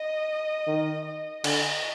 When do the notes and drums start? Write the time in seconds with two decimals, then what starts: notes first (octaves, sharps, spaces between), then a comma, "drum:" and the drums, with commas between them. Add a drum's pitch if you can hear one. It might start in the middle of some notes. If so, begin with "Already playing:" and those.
Already playing: D#5
0.67 D#3
1.06 D#5
1.44 D3, drum: cymbal